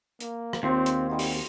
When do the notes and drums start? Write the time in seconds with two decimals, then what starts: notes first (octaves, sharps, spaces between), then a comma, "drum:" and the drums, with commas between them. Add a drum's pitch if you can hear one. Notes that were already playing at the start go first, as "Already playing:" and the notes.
0.20 A#3, drum: hi-hat
0.53 drum: rim click
0.63 D#2 C4 F4 C5 C#5
0.86 drum: hi-hat
1.10 G3 C4 D#4 F#4
1.19 drum: open hi-hat